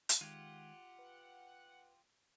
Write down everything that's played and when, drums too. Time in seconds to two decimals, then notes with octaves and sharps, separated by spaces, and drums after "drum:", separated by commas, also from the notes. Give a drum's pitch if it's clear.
0.09 drum: hi-hat
0.21 D#3 G#3 F4 G4 F#5 G#6
0.99 B4